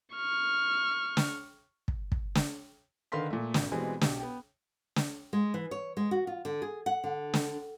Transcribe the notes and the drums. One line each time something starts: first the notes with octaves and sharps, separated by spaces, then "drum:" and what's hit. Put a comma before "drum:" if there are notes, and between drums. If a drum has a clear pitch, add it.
C#6 F6
drum: snare
drum: kick
drum: kick
drum: snare
D3 D#3 B4 F5 C6 B6
A#2 A3
G#1, drum: snare
B2 E3 G3 G#3 C4
B1 G4, drum: snare
B3 G5
drum: snare
G#3
E3
C#5
G#3
F#4
F4
D3
G#4
F#5
D3
drum: snare